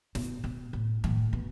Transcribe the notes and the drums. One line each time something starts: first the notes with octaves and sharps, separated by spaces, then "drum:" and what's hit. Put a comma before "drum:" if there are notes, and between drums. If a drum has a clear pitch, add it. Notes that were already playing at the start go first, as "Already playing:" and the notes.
B2, drum: snare
B2
A2
A2, drum: tom D#3
B2